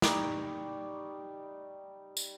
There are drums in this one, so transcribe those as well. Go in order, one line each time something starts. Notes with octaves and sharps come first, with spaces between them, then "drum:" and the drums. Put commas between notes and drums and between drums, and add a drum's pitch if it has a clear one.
G3 D#4 C#6 D6, drum: snare
drum: tambourine